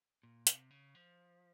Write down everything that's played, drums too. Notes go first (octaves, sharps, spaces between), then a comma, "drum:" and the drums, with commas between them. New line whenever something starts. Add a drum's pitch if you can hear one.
A#2
C3, drum: hi-hat
C#3
F3